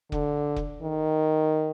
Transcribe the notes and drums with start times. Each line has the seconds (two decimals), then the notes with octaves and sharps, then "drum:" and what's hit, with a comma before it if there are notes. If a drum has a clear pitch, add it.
0.12 D3, drum: kick
0.56 drum: kick
0.82 D#3